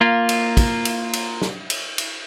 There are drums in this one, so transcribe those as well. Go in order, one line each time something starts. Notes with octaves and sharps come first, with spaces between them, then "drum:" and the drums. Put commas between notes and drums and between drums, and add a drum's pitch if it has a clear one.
A#3 F4
drum: cymbal
drum: kick, cymbal
drum: cymbal
drum: cymbal
drum: snare
drum: cymbal
drum: cymbal